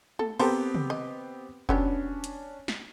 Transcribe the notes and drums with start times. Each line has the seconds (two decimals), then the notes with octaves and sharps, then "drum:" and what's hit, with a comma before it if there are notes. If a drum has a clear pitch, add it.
0.19 A4, drum: tom G#3
0.39 B3 C4 G4 A4 A#4 C5, drum: cymbal
0.75 drum: tom
0.90 D#5
1.69 F#3 B3 C#4 D4 G4, drum: kick F1
2.24 drum: hi-hat
2.68 drum: snare